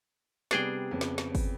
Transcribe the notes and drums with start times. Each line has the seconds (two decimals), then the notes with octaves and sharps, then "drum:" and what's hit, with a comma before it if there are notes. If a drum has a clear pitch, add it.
0.51 C3 G3 B3 D4 G#4 G5, drum: snare
0.91 F2 C#3 B3
1.01 drum: snare
1.18 drum: snare
1.35 drum: kick, open hi-hat